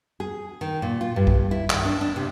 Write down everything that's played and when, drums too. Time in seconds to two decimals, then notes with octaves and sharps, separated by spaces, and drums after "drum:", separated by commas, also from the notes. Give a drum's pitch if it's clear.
0.20 G#4
0.61 D#3
0.82 A#2
1.01 F4
1.16 G2
1.27 drum: kick B1
1.51 E4
1.70 D#3, drum: clap
1.85 D4
2.01 D4
2.16 C3